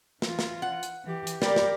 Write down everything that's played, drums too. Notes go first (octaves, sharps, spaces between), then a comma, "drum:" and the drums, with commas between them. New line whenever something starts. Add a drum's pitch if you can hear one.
E3 F4, drum: snare
drum: snare
F#5
drum: hi-hat
E3 G4
drum: hi-hat
G3 G4 A#4, drum: snare
drum: snare